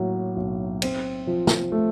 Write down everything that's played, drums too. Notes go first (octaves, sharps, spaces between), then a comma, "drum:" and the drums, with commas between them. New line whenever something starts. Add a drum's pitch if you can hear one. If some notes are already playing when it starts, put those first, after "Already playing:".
Already playing: A2 F#3 A#3
B1
C4, drum: cymbal
F3
drum: snare
A3